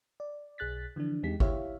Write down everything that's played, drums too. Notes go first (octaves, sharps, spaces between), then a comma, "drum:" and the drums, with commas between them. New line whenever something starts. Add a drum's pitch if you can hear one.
D5
B1 G#4 F#6 A6 B6
D3 E3 F3 D4
E2 G#3 C4 D#4 G4 B6
E4 G4 C#5 E5 F5, drum: kick G#1